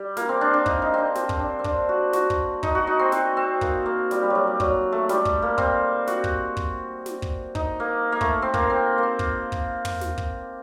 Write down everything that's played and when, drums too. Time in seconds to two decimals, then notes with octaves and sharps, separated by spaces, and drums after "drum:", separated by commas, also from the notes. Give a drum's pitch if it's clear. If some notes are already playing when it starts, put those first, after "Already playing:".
Already playing: G3
0.17 A#3, drum: snare
0.29 C4
0.41 D4
0.54 D4
0.66 D#4, drum: kick
0.82 D#4
0.94 C4 D4
1.15 C4, drum: snare
1.29 C4, drum: kick
1.39 D4
1.59 C4
1.64 D4, drum: kick
1.89 F#4
2.13 F#4, drum: snare
2.30 drum: kick
2.63 D#4, drum: kick
2.75 F#4
2.87 D#4
2.99 C4
3.12 C4, drum: snare
3.37 C4
3.61 A#3, drum: kick
3.86 A#3
4.11 G3, drum: snare
4.23 G3
4.30 F#3
4.35 G3
4.47 G3
4.60 F#3, drum: kick
4.92 A3
5.09 G3, drum: snare
5.25 drum: kick
5.42 A#3
5.58 C4, drum: kick
6.07 F#4, drum: snare
6.24 drum: kick
6.57 drum: kick
7.06 drum: snare
7.22 drum: kick
7.55 D#4, drum: kick
7.80 A#3
8.12 A#3
8.21 A3, drum: kick
8.42 C4
8.54 A#3, drum: kick
8.70 C4
8.98 A#3 C4
9.19 drum: kick
9.52 drum: kick
9.85 drum: tom
10.01 drum: snare
10.18 drum: kick